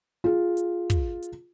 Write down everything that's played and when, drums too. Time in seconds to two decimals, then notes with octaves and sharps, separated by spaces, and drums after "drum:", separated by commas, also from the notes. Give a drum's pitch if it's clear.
0.24 F4 G#4
0.57 drum: hi-hat
0.90 drum: kick, hi-hat
1.23 drum: hi-hat